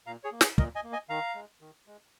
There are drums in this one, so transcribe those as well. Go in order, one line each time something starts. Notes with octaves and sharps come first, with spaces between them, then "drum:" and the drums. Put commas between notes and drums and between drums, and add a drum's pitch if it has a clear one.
A#2 F5 A#5
G#4 C#5
A#3
G#4 C#5, drum: snare
A#2 A#4 D#5, drum: kick
D#5 G#5
A#3
D#5 G#5
D#3 F5 A#5
G#3
D#3
G#3